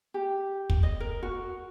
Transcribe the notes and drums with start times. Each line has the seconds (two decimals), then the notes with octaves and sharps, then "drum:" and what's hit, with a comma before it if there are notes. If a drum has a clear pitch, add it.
0.14 G4
0.70 drum: kick
0.83 D#5
1.00 A#4
1.23 F#4